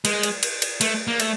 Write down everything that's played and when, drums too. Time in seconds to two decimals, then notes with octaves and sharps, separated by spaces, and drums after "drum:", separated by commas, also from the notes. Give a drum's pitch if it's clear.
0.05 G#3, drum: cymbal
0.23 drum: cymbal
0.43 drum: cymbal
0.62 drum: cymbal
0.81 A3, drum: cymbal
1.08 A#3
1.20 A3, drum: cymbal